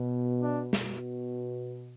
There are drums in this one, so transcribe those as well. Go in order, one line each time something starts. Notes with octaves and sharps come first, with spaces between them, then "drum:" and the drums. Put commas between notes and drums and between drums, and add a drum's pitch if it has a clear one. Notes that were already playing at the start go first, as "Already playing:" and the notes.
Already playing: B2
D4
B2, drum: snare